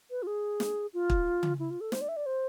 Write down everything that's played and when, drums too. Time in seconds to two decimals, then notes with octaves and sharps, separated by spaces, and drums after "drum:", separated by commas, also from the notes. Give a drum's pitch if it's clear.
0.11 B4
0.23 F4
0.27 G#4
0.60 drum: snare
0.94 F4
1.10 drum: kick
1.43 drum: tom C#3
1.59 E4
1.71 F4
1.81 A4
1.92 C5, drum: snare
2.01 D5
2.09 E5
2.17 D5
2.26 C5